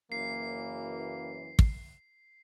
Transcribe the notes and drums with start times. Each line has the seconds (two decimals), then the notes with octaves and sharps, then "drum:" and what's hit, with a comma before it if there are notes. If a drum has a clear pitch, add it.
0.12 F#1 F#2 E3 A#3 C7
1.59 drum: kick